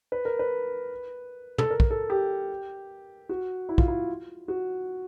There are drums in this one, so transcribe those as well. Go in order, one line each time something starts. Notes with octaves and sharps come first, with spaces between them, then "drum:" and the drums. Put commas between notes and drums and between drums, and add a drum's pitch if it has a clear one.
B4
A#4
B4
A4, drum: tom
A#4
drum: kick
A4
G4
F#4
E4
F4, drum: kick
E4
F#4